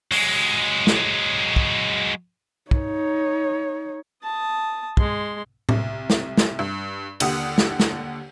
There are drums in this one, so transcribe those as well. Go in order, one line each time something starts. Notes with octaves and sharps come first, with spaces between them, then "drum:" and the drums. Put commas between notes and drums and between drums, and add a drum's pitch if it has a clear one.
F#3 G#3, drum: open hi-hat
drum: snare
drum: kick
D#4 C#5, drum: kick
A5 D#6
G#3 C6, drum: kick
C2, drum: tom A2
drum: snare
drum: snare
G2
D#2 D3 G4 F#5 D#6, drum: cymbal
drum: snare
drum: snare